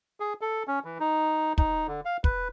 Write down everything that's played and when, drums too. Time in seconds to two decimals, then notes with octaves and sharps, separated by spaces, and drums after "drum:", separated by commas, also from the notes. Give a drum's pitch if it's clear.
0.20 G#4
0.41 A4
0.68 C#4
0.84 E3
1.00 D#4
1.58 D#4, drum: kick
1.88 D3
2.05 F5
2.24 B4, drum: kick